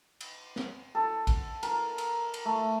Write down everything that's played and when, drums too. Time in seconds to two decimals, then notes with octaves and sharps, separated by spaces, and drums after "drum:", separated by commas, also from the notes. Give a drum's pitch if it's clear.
0.21 drum: cymbal
0.56 drum: snare
0.95 A4
1.27 drum: kick A1, cymbal
1.63 A#4, drum: cymbal
1.98 drum: cymbal
2.34 drum: cymbal
2.45 A3